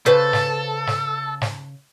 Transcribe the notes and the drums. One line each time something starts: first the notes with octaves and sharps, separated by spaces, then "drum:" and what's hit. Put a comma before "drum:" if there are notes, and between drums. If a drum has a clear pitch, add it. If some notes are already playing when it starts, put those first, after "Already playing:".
C#3 A4 B4 C5
drum: snare
drum: snare
drum: snare